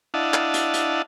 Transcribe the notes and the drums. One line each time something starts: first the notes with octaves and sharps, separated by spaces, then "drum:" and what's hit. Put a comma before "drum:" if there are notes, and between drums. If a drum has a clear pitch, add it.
D4 E4 D#5 F5 F#5 A5
drum: clap
drum: hi-hat
drum: hi-hat